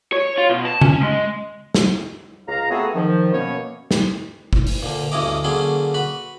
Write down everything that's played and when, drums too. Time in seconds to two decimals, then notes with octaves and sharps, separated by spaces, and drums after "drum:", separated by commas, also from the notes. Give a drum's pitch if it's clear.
0.13 C#5
0.38 F4
0.49 B2
0.65 A5
0.81 C#4, drum: tom
1.01 G#3
1.75 drum: snare
2.48 C#2 F5 A#5
2.70 A3 B3 C4 F#4 G#4 A4
2.95 D#3 F3
3.32 F#2 B2 A#3 C#4 C#5
3.91 drum: snare
4.53 drum: kick G1
4.67 drum: open hi-hat
4.83 A#2 D3
5.12 D2 G2 E3 C#4 D#5 D6
5.44 D3 F#3 A#3 C4 C#4 G#4
5.94 F#4 B4 B5